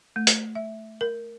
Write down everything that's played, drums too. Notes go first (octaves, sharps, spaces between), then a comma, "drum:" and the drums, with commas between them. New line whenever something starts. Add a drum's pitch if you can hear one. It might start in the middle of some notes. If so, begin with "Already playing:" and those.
A3
drum: hi-hat
E5
A#4